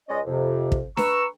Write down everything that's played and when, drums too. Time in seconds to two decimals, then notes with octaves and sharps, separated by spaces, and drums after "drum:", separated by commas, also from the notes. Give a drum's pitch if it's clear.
0.09 C#2 G#3 C#4 D5 D#5
0.26 F2 C3
0.72 drum: kick
0.97 B4 A#5 C#6 E6, drum: snare D4